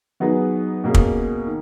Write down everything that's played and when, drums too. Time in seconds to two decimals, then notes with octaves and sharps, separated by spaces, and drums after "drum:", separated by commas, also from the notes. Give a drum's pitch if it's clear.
0.20 F#3 B3 D#4 G#4 B4
0.84 B2 A#3 C#4 G#4
0.94 drum: kick
1.46 D#3